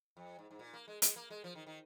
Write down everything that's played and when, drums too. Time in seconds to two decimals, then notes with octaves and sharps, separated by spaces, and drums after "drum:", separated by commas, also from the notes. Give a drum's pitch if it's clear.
0.17 F2
0.39 G#2
0.51 G#2
0.59 A#2
0.73 A#3
0.88 G#3
1.02 G#3, drum: hi-hat
1.16 A#3
1.30 G#3
1.44 F3
1.55 D#3
1.66 D#3